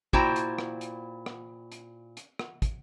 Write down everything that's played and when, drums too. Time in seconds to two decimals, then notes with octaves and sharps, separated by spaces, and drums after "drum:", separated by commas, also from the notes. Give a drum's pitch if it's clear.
0.13 A#2 E4 F#4 C5 G5 A#5, drum: kick
0.36 drum: hi-hat
0.58 drum: rim click
0.81 drum: hi-hat
1.26 drum: rim click
1.72 drum: hi-hat
2.17 drum: hi-hat
2.39 drum: rim click
2.62 drum: kick, hi-hat